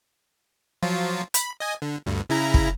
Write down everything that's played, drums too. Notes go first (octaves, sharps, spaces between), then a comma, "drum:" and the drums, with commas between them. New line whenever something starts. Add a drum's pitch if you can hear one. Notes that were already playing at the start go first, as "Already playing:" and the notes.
F3 F#3 F4
B5, drum: hi-hat
D#5 G#5
D3
D2 G2
C#3 E4 A#5
drum: kick